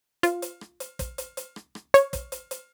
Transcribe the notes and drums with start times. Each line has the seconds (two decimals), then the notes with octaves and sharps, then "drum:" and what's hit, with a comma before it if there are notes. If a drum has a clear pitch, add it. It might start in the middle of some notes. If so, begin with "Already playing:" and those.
0.23 F4, drum: hi-hat
0.42 drum: hi-hat
0.61 drum: rim click
0.80 drum: hi-hat
0.99 drum: kick, hi-hat
1.18 drum: hi-hat
1.37 drum: hi-hat
1.56 drum: rim click
1.75 drum: rim click
1.94 C#5, drum: hi-hat
2.13 drum: kick, hi-hat
2.32 drum: hi-hat
2.51 drum: hi-hat